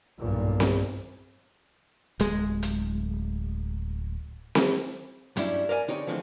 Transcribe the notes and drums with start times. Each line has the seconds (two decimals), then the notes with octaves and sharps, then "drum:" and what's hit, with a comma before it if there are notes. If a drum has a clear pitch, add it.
0.19 B1 G2 A#2
0.60 drum: snare C4
2.20 D1 G#3, drum: hi-hat
2.63 drum: hi-hat
4.55 drum: snare C4
5.36 G2 F#3 G3 C#4 D4 E4, drum: hi-hat
5.69 A#4 D5 E5 G#5
5.88 D3 C4 D#4 G4 C#5 D5
6.07 D3 E3 F3 G#3 A3 C4